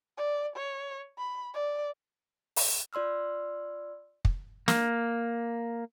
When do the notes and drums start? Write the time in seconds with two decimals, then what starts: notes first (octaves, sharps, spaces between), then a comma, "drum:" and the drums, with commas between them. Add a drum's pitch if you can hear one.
0.17 D5
0.56 C#5
1.18 B5
1.54 D5
2.56 drum: open hi-hat
2.93 F4 D5 C6 E6 F6
4.25 drum: kick
4.68 A#3, drum: snare